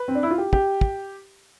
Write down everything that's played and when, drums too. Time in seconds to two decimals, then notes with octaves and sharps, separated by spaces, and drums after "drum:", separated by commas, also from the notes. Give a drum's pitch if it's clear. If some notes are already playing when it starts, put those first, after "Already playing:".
Already playing: B4
0.08 C4
0.15 D4
0.23 E4
0.31 F4
0.38 G4
0.53 G4, drum: kick
0.81 drum: kick